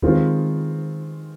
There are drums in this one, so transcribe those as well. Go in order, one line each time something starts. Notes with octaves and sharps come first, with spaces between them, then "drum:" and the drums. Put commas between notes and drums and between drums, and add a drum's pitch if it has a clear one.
D#3 G#3 C4 F4, drum: kick D2